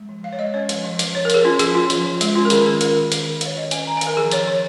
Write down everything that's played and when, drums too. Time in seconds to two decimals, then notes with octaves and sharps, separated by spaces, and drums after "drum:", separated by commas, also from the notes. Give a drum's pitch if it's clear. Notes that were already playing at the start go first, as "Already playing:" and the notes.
Already playing: G#3
0.09 F3
0.23 F3 F5
0.33 C#5
0.39 G#3 D#5
0.54 C#4 C#5
0.69 F3, drum: hi-hat
0.84 F3
0.99 F3, drum: hi-hat
1.15 F3 C#5
1.25 A#4
1.30 F3 G#4, drum: hi-hat
1.44 C#4 F4
1.59 F3 G#4, drum: hi-hat
1.74 C#4 F4
1.90 F3, drum: hi-hat
2.06 F3
2.21 G#3, drum: hi-hat
2.35 C#4 F4
2.45 A#4
2.50 D#3 G#4, drum: hi-hat
2.66 C#4 G#4
2.81 D#3 A#4, drum: hi-hat
2.96 D#3
3.12 D#3, drum: hi-hat
3.26 D#3
3.41 D#3 C#5, drum: hi-hat
3.57 C#4 D#5
3.71 C#4 G#5, drum: hi-hat
3.87 D#3 A#5
3.97 G#5
4.01 D#3, drum: hi-hat
4.07 A#4
4.17 F3 G#4
4.31 F3 C#5, drum: hi-hat
4.47 F3 C#5